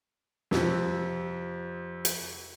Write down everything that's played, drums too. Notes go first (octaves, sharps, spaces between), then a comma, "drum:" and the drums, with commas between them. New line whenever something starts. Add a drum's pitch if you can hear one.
F2 C3 F3, drum: snare
drum: hi-hat